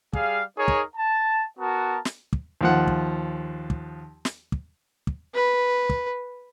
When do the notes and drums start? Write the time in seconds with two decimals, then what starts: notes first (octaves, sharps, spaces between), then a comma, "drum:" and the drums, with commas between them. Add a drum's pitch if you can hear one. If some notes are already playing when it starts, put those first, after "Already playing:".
0.13 G3 G#4 F5, drum: kick
0.57 D#4 G#4 A#4 C#5
0.68 drum: kick
0.95 A5
1.58 B3 F#4 A#4 A5
2.05 drum: snare
2.33 drum: kick
2.61 D#2 F3 F#5
2.88 drum: kick
3.70 drum: kick
4.25 drum: snare
4.52 drum: kick
5.07 drum: kick
5.34 B4
5.90 drum: kick